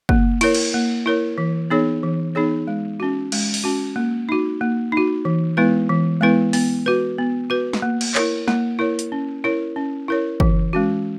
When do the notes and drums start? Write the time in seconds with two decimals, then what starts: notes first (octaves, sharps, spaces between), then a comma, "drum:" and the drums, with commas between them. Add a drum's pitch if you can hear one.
0.09 A#3, drum: kick
0.41 E4 A#4 C#5, drum: cymbal
0.55 drum: cymbal
0.74 A#3
1.06 E4 A#4 C#5
1.38 E3
1.70 B3 D#4 G#4 C#5
2.03 E3
2.35 B3 D#4 G#4 C#5
2.68 G#3
3.00 C#4 F#4
3.32 G#3, drum: cymbal
3.54 drum: open hi-hat
3.64 C#4 F#4
3.96 A#3
4.29 D#4 F#4
4.61 A#3
4.92 D#4 F#4
5.25 E3
5.57 G#3 B3 E4 B4
5.89 E3
6.21 G#3 B3 E4 B4
6.53 B3, drum: open hi-hat
6.86 F#4 B4
7.18 B3
7.50 F#4 B4
7.73 drum: snare
7.82 A#3
8.01 drum: cymbal
8.15 E4 A#4 C#5, drum: clap
8.48 A#3, drum: snare
8.79 E4 A#4 C#5
8.99 drum: hi-hat
9.12 C#4
9.44 E4 A#4 C#5
9.76 C#4
10.08 E4 A#4 C#5
10.40 E3, drum: kick
10.73 G#3 C#4 F#4